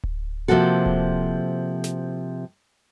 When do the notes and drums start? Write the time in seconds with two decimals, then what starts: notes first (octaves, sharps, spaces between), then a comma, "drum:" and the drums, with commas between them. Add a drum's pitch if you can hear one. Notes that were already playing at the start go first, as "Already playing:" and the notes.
0.04 drum: kick D1
0.48 C3 F3 A#3 F#4 A4
0.86 drum: kick D1
1.84 drum: snare